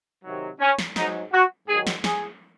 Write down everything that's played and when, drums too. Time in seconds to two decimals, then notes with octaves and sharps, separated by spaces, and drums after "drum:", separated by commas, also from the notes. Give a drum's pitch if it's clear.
0.24 C3 D#3 F#3
0.60 C#4
0.79 drum: snare
0.96 G#2 F#3 D#4, drum: snare
1.33 F#4
1.68 G#2 D#3 F#3 G#4
1.87 drum: snare
2.04 G#4, drum: snare